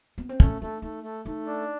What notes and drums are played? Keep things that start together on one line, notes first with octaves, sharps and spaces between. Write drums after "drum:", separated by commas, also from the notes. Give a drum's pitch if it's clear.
B3
C4
A3 C#4, drum: kick
A3 D4
A3 D#4
A3
A3 D#4
D4